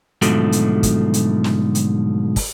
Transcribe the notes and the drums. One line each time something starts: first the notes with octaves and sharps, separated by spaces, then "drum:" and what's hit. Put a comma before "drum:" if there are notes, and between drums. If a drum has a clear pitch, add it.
G#2 B2 D3 F3 F#3 A3, drum: hi-hat
drum: hi-hat
drum: kick, hi-hat
drum: hi-hat
drum: snare
drum: hi-hat
drum: kick, open hi-hat